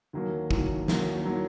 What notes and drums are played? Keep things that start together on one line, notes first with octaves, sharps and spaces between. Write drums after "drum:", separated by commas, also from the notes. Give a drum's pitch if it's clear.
D#2 D#3 F#3 A#3
D#2 D#3 F#3 A#3, drum: kick
D#2 D#3 F#3 A#3, drum: snare
D#3 F#3 A#3